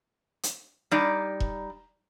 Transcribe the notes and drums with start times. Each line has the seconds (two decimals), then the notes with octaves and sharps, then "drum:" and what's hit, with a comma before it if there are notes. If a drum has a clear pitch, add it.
0.43 drum: hi-hat
0.91 G3 D#4 D5
1.40 drum: kick E1